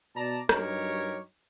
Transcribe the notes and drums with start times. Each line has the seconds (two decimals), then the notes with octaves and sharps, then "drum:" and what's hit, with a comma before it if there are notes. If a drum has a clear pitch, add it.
0.15 B2 D5 A5 A#5
0.49 G2 F#3 D#4 G4 A#4 C#5, drum: rim click